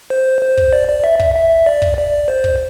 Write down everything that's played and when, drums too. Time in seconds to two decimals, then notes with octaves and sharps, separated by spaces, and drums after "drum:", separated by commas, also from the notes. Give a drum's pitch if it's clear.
0.10 C5
0.42 C5
0.57 drum: kick
0.73 D5
0.89 D5
1.04 E5
1.20 E5, drum: kick
1.36 E5
1.66 D5
1.82 drum: kick
1.97 D5
2.28 C5
2.44 drum: kick